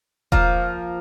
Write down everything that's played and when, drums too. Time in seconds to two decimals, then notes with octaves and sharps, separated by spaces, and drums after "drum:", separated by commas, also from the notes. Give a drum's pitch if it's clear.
0.32 F3 A#3, drum: kick E1